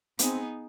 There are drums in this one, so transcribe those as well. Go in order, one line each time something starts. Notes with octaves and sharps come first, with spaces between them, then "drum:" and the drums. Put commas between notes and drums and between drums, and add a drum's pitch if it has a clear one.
B3 C4 D#4 G#4, drum: hi-hat